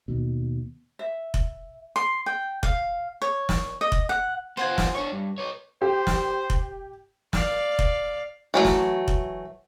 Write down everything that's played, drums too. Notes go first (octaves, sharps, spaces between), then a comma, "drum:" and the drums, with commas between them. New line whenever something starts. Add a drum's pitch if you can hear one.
D#2 B2
E5
drum: kick F1
C6
G5
F5, drum: kick F1
C#5
drum: snare
D#5
drum: kick F1
F#5
B3 F4 C5 F#5 G#5
drum: snare
D4 C#5 C#6
G2
B4 C#5
G4 C5
drum: snare
drum: kick F1
D5 F5, drum: snare
drum: kick F1
E3 F#3 A3
drum: snare
drum: kick F1